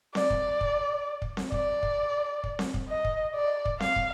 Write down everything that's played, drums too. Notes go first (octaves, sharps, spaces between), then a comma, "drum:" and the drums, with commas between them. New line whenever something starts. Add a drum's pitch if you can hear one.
D5, drum: snare C4
drum: kick
drum: kick
drum: kick
drum: snare C4
D5, drum: kick
drum: kick
drum: kick
drum: snare C4
drum: kick
D#5
drum: kick
D5
drum: kick
F5, drum: snare C4
drum: kick